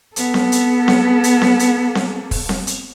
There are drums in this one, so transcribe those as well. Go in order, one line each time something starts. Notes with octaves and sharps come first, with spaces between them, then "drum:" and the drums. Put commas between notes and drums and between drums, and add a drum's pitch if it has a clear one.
B3 A4, drum: hi-hat
drum: snare C4
drum: hi-hat
drum: snare C4
drum: hi-hat
drum: snare C4
drum: hi-hat
drum: snare C4
drum: kick, open hi-hat
drum: snare C4
drum: hi-hat